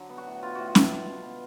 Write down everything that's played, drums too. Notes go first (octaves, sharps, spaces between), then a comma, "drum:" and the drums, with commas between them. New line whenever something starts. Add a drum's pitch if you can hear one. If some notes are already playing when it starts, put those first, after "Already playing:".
Already playing: D3 F#3
B3
F#4
A2
B3 F4
A2 F#4
F4
A2, drum: snare C#4
B2
B2
B2